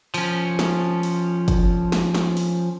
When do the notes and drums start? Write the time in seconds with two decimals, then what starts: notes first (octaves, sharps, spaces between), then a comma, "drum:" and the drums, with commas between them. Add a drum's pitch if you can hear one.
0.14 F3 C#4, drum: open hi-hat
0.59 drum: snare
1.03 drum: open hi-hat
1.48 drum: kick, hi-hat
1.92 drum: snare
2.15 drum: snare
2.37 drum: open hi-hat